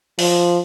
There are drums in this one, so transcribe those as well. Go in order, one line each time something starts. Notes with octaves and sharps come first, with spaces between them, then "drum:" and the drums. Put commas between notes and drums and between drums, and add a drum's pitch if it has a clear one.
F3, drum: open hi-hat